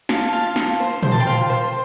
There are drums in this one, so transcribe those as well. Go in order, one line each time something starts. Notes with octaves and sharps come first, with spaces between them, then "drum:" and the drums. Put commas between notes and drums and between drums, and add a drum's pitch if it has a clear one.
F4 F5 A5, drum: snare
F4 F5 A5
F4, drum: snare
C5
C5 C6, drum: tom A#2
A5
G5 C6
F4
C5